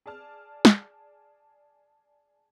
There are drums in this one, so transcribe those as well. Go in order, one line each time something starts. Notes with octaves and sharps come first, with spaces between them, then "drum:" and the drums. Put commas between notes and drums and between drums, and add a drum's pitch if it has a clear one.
G#4 D5 A5 F6
drum: snare